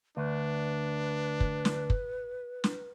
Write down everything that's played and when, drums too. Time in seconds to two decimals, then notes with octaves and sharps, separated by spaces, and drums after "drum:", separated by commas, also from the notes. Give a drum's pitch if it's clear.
0.17 D2 D4 B4
1.40 drum: kick
1.65 drum: snare
1.90 drum: kick
2.64 drum: snare